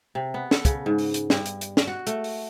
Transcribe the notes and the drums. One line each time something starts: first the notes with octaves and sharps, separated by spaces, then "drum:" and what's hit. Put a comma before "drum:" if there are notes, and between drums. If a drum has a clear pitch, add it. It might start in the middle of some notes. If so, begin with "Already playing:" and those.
C3
B3
A4, drum: snare
C#3, drum: kick, hi-hat
G#2
drum: open hi-hat
drum: hi-hat
G2, drum: snare
drum: hi-hat
drum: hi-hat
drum: snare
F#4
A3, drum: hi-hat
drum: open hi-hat